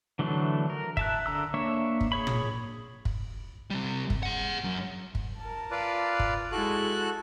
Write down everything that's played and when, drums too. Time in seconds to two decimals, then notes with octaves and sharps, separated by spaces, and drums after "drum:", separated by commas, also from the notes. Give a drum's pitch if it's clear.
0.19 D3 E3 F#3 A3 D4
0.70 A#4
0.97 E5 A5 F#6, drum: kick
1.26 D3 A#5 E6
1.54 A#3 D4 C#5 E5
2.01 drum: kick
2.12 G#4 C#5 B5
2.27 drum: tom
3.05 drum: kick
3.70 C3 G3
4.10 drum: kick
4.23 G#4 F#5
4.64 F#2
5.15 drum: kick
5.38 A#4 A5
5.71 F4 B4 D5
6.19 drum: kick
6.52 G#3 E4 F#4 A4 F#6